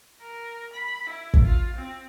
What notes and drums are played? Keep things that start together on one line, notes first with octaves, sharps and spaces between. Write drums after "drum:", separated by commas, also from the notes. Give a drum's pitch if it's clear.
A#4
B5
E4
drum: kick
F4
C4